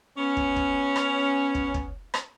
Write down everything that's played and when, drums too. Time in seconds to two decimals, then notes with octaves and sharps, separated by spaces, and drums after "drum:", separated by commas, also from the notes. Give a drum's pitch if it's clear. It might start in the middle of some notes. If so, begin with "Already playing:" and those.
0.17 B3 C#4
0.37 drum: kick
0.56 drum: kick
0.96 drum: rim click
1.55 drum: kick
1.74 drum: kick
2.14 drum: rim click